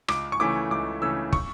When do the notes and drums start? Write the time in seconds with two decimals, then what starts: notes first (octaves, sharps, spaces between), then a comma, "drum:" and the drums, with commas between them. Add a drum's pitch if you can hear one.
0.08 C#2 D6, drum: rim click
0.32 C#6
0.40 C#3 E3 A3 C#4 D6
0.71 C#2 D6
1.01 C#3 E3 A3 C#4 E6
1.33 C#6, drum: kick